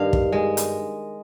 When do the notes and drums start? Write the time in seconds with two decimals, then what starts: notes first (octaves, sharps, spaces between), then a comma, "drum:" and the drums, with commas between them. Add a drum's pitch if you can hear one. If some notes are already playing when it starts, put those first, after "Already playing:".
Already playing: G2 D#3 F5
0.13 drum: kick
0.32 G#3
0.57 drum: hi-hat